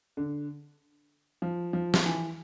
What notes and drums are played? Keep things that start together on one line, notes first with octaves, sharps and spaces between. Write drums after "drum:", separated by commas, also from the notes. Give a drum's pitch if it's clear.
D3
F3
F3
F3, drum: snare
E3